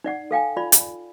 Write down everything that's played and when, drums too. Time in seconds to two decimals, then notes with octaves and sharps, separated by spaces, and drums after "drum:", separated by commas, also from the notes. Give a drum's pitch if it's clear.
0.04 D#4 D5 F#5
0.31 A4 F5 G5 G#5
0.57 F4 D5 B5
0.72 drum: hi-hat